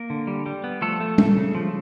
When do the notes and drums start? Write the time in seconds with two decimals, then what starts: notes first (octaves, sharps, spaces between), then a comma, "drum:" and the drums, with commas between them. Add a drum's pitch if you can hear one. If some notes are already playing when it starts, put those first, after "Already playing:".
Already playing: A#3 A#4
0.10 D3
0.27 G3
0.46 G3
0.64 B3
0.82 F3 A3 A4
1.00 A3
1.18 A3, drum: tom
1.37 C#3
1.55 F3